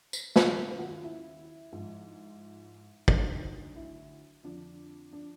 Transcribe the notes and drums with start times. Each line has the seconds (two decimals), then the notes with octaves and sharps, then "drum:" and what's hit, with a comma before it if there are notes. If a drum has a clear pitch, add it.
0.13 drum: tambourine
0.36 D#2 C#3 F#3 E4, drum: snare
0.70 F4
0.79 F#4
0.89 F4
1.04 E4
1.72 G#2 F3
3.08 D2 D3 F#3 D#4, drum: kick
3.76 E4
4.43 F2 D3 F3 D4
5.13 D4